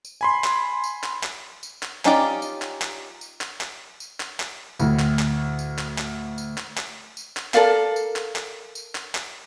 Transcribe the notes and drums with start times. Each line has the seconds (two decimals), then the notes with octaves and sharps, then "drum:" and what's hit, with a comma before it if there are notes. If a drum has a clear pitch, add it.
0.05 drum: tambourine
0.21 G#5 B5 C6
0.44 drum: clap
0.84 drum: tambourine
1.03 drum: clap
1.23 drum: clap
1.63 drum: tambourine
1.83 drum: clap
2.05 C#4 D#4 F4 G4 D5, drum: clap
2.42 drum: tambourine
2.62 drum: clap
2.82 drum: clap
3.21 drum: tambourine
3.41 drum: clap
3.61 drum: clap
4.00 drum: tambourine
4.20 drum: clap
4.40 drum: clap
4.79 D2 A2, drum: tambourine
4.99 drum: clap
5.19 drum: clap
5.59 drum: tambourine
5.78 drum: clap
5.98 drum: clap
6.38 drum: tambourine
6.58 drum: clap
6.77 drum: clap
7.17 drum: tambourine
7.37 drum: clap
7.54 A4 A#4 D5 F5, drum: clap
7.96 drum: tambourine
8.16 drum: clap
8.36 drum: clap
8.75 drum: tambourine
8.95 drum: clap
9.15 drum: clap